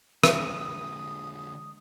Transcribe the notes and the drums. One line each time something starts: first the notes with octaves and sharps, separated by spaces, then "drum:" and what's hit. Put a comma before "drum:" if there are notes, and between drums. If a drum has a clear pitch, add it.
D3 G#3 D#6, drum: rim click